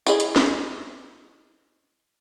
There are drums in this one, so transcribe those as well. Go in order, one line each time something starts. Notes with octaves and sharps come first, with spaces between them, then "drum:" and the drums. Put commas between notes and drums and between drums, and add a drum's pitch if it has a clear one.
E4 G#4 D#5, drum: tambourine
drum: hi-hat
drum: snare